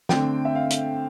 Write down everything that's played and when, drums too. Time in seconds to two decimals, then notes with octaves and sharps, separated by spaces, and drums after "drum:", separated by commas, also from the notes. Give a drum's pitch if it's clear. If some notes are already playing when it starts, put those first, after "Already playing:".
0.09 D3 A3 C4 G5, drum: snare
0.45 E5
0.55 F5
0.70 drum: hi-hat